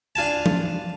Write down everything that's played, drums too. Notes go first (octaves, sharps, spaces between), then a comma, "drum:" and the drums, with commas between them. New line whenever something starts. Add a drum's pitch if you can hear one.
D4 F4 G#5 A5
drum: tom